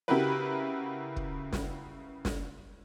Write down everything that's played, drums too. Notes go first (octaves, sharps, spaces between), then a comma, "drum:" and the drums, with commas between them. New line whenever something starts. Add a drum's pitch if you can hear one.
C#3 E4 F#4 G4 A#4 B4
drum: kick
drum: snare
drum: snare